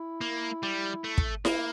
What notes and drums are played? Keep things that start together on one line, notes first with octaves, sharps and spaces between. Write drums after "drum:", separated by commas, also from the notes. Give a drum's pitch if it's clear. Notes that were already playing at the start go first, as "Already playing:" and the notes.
Already playing: E4
A#3
G3
A3
drum: kick
A#3 E4, drum: snare E4